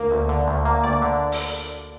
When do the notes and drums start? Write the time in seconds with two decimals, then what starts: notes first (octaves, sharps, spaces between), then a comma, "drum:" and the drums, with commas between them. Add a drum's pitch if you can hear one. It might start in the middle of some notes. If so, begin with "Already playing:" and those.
Already playing: D2 A#3
0.11 D2
0.29 D3
0.48 D2
0.65 A#3
0.84 D2 D5
1.02 D3
1.32 drum: open hi-hat